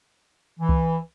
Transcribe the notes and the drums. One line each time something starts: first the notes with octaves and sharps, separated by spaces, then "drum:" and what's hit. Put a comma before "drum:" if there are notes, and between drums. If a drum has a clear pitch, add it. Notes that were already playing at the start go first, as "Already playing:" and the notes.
E3
drum: kick C2